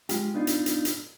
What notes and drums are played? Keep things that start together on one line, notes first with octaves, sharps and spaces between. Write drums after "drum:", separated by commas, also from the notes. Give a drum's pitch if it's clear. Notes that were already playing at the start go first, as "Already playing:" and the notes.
G#3 F4 G4, drum: hi-hat
B3 D4 D#4 F4
drum: hi-hat
drum: hi-hat
drum: hi-hat